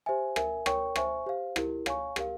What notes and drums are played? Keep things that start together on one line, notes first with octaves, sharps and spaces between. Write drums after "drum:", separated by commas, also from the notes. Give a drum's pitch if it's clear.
G4 C5 E5 G#5
A#4 E5 G#5, drum: rim click
A#4 C#5 G5 C#6, drum: rim click
C5 E5 G#5 C#6, drum: rim click
G4 C5 F5
E4 G4 A#4, drum: rim click
C#5 F5 G#5 C#6, drum: rim click
G4 A#4 F5, drum: rim click